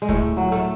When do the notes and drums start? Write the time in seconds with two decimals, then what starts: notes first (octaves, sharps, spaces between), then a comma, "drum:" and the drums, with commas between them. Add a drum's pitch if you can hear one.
0.02 G#3
0.09 A2 A3, drum: kick D2, hi-hat
0.37 F#3
0.52 A3, drum: hi-hat